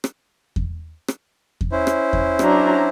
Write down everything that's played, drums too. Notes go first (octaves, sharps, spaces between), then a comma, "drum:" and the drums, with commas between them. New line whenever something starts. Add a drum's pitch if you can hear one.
drum: rim click
drum: kick E2
drum: rim click
drum: kick E2
C#4 E4 C5
drum: rim click
drum: kick E2
F#3 D4 A#5, drum: rim click